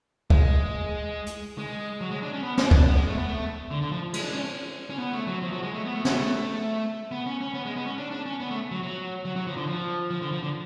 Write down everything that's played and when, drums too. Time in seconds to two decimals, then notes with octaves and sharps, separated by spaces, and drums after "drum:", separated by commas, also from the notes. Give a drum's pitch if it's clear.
0.30 G#3, drum: kick
1.26 drum: hi-hat
1.58 G#3
2.01 F#3
2.11 G#3
2.22 D4
2.33 C#4
2.43 B3
2.58 D4, drum: snare
2.71 D4, drum: kick
2.86 B3
2.96 G#3
3.07 A3
3.18 B3
3.28 A3
3.71 D3
3.82 D3
3.92 F3
4.13 G#3, drum: cymbal
4.24 D4
4.34 C#4
4.90 C#4
4.99 B3
5.13 A3
5.27 F#3
5.42 F3
5.52 F#3
5.63 G#3
5.74 A3
5.85 B3
5.95 A3
6.05 B3, drum: snare
6.16 A3
7.11 B3
7.26 C#4
7.41 C#4
7.54 B3
7.65 G#3
7.76 B3
7.87 C#4
7.98 D4
8.11 D4
8.26 C#4
8.40 B3
8.51 A3
8.72 F#3
8.83 F#3
9.25 F#3
9.36 F#3
9.47 F3
9.57 D3
9.67 F3
10.10 F3
10.22 D3
10.32 F3
10.43 D3